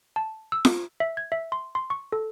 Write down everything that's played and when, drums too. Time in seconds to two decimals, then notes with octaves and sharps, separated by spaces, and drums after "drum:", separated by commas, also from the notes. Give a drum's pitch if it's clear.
0.16 A5
0.52 E6
0.65 drum: snare F4
1.00 E5
1.17 G#6
1.32 E5
1.52 C6
1.75 C6
1.90 C#6
2.12 A4